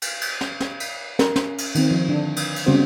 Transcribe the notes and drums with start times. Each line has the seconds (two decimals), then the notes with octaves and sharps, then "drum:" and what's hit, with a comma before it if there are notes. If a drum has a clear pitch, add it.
0.02 drum: cymbal
0.21 drum: cymbal
0.41 drum: snare
0.60 drum: snare
0.80 drum: cymbal
1.19 A#4, drum: snare
1.36 C#4, drum: snare
1.58 drum: cymbal
1.75 D#3 C4, drum: cymbal
1.91 F3
2.08 D3 D4
2.36 drum: cymbal
2.56 drum: cymbal
2.66 C#3 G3 B3 C4 F#4 C5